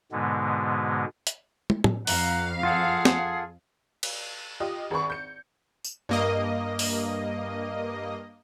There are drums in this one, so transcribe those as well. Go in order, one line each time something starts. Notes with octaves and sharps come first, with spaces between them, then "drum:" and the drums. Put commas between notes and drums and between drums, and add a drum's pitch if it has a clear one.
G#2 B2 D3 G#3 B3
drum: hi-hat
drum: tom
drum: tom
F2 F5 F#5 A#5, drum: open hi-hat
F4 G#4 A4 F#5
drum: snare
drum: cymbal
F4 G4 D#5
G#1 G#4 B4 B5 C#6
G6 C#7
drum: tambourine
G2 A#3 D#5
drum: open hi-hat